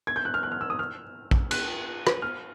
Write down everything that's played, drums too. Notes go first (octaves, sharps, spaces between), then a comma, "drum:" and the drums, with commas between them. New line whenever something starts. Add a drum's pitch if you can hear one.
G#6
G6
F#6
F6
F#6
F6
E6
D#6
F6
drum: kick A#1
F#6, drum: cymbal
drum: rim click
F6